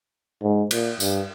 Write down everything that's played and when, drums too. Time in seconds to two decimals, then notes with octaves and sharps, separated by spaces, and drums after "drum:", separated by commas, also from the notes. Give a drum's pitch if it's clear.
0.42 G#2
0.71 A#2, drum: cymbal
1.00 G2, drum: tambourine